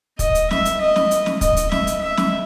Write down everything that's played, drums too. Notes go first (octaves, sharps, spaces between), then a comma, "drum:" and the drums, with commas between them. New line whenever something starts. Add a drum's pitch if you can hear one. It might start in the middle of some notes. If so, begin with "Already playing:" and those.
D#5, drum: kick, hi-hat
drum: hi-hat
E5, drum: snare
drum: hi-hat
D#5
drum: snare
drum: hi-hat
drum: snare
D#5, drum: kick, hi-hat
drum: hi-hat
E5, drum: snare
drum: hi-hat
E5
drum: snare